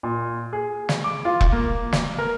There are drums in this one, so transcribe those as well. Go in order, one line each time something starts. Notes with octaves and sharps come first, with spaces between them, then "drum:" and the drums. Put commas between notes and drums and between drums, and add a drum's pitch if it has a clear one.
A#2
G#4
drum: snare
D6
F4
drum: kick E1
A#3
drum: snare
A#4